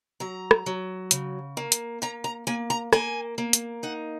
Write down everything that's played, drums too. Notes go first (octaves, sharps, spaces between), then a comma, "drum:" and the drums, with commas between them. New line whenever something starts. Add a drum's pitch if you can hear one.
F#3 A#5
drum: rim click
F#3
C#3, drum: hi-hat
A#3
drum: hi-hat
A#3 A#5
A#5
A#3 G#5
A#5
A#3 G#5, drum: rim click
A#3
drum: hi-hat
D#4 F#5